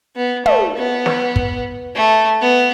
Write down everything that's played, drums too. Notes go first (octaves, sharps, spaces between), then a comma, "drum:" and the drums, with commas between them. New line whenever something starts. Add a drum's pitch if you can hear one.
B3
A3, drum: tom
B3
drum: snare
drum: kick
A3
B3